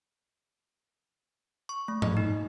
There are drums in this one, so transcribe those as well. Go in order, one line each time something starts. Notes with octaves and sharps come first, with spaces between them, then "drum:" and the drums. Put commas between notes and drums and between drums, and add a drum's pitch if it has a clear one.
C#6
A3
D#5, drum: tom G#2
D#4